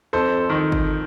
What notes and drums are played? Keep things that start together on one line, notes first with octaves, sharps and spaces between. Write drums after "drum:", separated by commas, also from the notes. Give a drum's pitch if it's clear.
F2 A4 C5
D#3
drum: kick G1